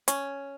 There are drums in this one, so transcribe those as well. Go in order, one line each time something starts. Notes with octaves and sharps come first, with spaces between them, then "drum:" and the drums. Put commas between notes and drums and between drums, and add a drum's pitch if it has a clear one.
C#4, drum: hi-hat